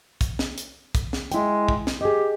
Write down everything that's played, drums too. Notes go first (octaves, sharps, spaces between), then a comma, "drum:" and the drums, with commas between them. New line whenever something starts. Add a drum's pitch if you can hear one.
drum: kick, hi-hat
drum: snare
drum: hi-hat
drum: kick, hi-hat
drum: snare
G#3 E4 G5, drum: hi-hat
drum: kick
drum: snare
G4 G#4 D#5